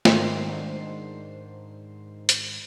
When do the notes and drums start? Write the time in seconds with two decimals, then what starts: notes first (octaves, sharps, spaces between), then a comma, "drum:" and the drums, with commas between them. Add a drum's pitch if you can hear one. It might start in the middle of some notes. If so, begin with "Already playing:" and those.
0.05 G#2 D#3 D4 C5 C7, drum: snare
2.29 drum: hi-hat